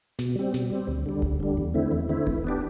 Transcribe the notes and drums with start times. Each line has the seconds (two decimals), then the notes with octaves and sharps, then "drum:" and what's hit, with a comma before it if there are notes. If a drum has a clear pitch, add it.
0.19 B2, drum: snare
0.35 G3 C4
0.54 B2, drum: snare
0.70 G3 C4
0.87 D2
1.06 D3 G3
1.22 D2, drum: kick E1
1.40 D3 G3
1.57 E2
1.74 D3 A3 C4 E4
1.92 E2
2.09 D3 A3 C4 E4
2.27 E3, drum: kick E1
2.44 B3 D4 G4